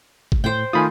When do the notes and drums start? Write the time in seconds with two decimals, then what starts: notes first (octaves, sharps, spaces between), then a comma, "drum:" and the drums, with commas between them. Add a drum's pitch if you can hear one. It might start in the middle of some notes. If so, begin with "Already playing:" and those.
0.32 drum: kick
0.44 A2 C5 G5
0.73 D#3 A3 F4 G#5 B5 D#6